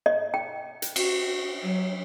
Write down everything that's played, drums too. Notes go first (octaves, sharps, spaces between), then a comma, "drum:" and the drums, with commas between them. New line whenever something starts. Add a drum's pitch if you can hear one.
D#5
G5
drum: hi-hat
F#4, drum: cymbal
F#3